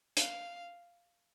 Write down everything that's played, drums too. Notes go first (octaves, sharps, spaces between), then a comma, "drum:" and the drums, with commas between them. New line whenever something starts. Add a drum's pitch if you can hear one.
F5, drum: hi-hat